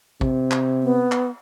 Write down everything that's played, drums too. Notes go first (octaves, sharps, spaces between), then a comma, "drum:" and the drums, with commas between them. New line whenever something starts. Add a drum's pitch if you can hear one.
C3, drum: kick
drum: clap
B3
drum: clap